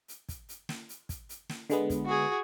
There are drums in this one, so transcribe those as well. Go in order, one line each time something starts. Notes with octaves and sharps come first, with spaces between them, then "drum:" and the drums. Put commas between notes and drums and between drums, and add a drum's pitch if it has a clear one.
drum: hi-hat
drum: kick, hi-hat
drum: hi-hat
drum: snare
drum: hi-hat
drum: kick, hi-hat
drum: hi-hat
drum: snare
D3 G#3 B3, drum: hi-hat
drum: kick, hi-hat
F#4 G#4